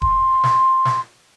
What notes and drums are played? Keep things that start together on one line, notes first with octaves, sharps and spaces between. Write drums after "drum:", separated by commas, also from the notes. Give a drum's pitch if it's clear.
C6, drum: kick D#1
drum: snare
drum: snare